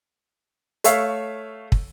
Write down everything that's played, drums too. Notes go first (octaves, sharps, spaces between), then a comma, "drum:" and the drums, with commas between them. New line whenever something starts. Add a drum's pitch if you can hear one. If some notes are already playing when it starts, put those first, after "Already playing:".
A3 C#5 E5 F5, drum: hi-hat
drum: kick